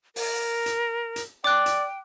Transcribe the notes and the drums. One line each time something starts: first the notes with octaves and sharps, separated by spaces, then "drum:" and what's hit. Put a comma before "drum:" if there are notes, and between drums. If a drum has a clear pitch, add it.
A#4, drum: open hi-hat
drum: hi-hat
drum: hi-hat
D5 G5 D6 F#6
drum: hi-hat